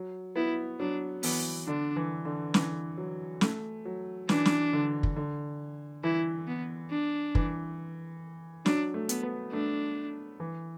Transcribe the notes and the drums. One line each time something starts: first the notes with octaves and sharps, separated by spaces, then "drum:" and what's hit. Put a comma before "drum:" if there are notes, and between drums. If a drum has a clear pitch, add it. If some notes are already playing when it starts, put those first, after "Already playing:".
Already playing: F#3
B3 E4
F#3 D4
E3 B3, drum: open hi-hat
D3 D4
E3
D3
E3, drum: snare
F#3
A3, drum: snare
F#3
E3 D4, drum: snare
drum: snare
D3
drum: kick
D3
E3 E4
B3
D4
E3, drum: kick
F#3 D4, drum: snare
A3
B3, drum: hi-hat
B3
A3 D4
E3